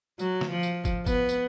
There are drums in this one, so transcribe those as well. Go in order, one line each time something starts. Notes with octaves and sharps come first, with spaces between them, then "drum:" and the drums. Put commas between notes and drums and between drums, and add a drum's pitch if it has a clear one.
F#3, drum: tambourine
drum: snare
F3
drum: tambourine
drum: kick, tambourine
B3, drum: kick, tambourine
drum: tambourine